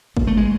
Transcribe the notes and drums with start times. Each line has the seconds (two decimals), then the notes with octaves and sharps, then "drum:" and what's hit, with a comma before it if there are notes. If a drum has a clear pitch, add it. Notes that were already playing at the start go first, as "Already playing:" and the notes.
0.17 A#3, drum: kick G1
0.27 A3
0.37 G#3